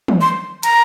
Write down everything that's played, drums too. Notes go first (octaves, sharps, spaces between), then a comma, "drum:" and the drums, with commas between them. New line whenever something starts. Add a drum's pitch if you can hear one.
drum: tom
C6
A#5, drum: hi-hat